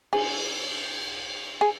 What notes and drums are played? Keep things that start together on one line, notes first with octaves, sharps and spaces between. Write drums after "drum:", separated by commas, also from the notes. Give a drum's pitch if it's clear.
G#4, drum: cymbal
G#4